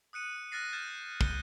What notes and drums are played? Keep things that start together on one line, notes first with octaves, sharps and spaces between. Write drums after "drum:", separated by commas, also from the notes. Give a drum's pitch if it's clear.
D#6 F#6 C#7 D#7
F6 F#6 A6 A#6 C7
F6 G6 A6 E7
G6 D#7 G7, drum: kick